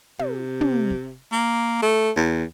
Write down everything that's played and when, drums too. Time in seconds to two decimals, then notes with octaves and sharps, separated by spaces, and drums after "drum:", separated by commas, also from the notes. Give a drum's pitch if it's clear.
0.19 C3, drum: tom
0.61 drum: tom
0.90 drum: kick
1.32 A#3
1.82 A3
2.16 E2